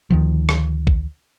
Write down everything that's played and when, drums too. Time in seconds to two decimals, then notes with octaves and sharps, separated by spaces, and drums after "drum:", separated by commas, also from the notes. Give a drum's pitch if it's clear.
0.10 D2 D#3 F3
0.49 drum: rim click
0.87 drum: kick A#1